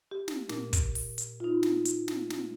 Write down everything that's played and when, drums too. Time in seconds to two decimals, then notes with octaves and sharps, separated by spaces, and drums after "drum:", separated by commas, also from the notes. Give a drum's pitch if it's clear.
0.11 G4
0.28 drum: snare
0.49 A#2, drum: snare
0.73 drum: kick, hi-hat
0.95 drum: open hi-hat
1.18 drum: hi-hat
1.40 D#4 F4
1.63 drum: snare
1.85 drum: hi-hat
2.08 drum: snare
2.30 drum: snare